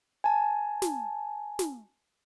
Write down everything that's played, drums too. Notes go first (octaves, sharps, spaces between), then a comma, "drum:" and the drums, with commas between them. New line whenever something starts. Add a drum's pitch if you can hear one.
G#5 A5
drum: snare
drum: snare